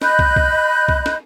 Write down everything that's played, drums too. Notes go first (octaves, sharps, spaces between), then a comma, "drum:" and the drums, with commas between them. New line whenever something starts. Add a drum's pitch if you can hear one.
D#5 B5 F#6 G6, drum: snare
drum: kick
drum: kick
drum: kick
drum: snare